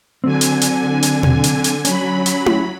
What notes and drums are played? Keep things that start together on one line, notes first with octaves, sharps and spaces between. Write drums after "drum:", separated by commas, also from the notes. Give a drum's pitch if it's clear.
D3 F#3 C4 G#5
drum: hi-hat
drum: hi-hat
drum: hi-hat
drum: tom
drum: hi-hat
drum: hi-hat
F#3 C#4 B5, drum: hi-hat
drum: hi-hat
drum: tom E4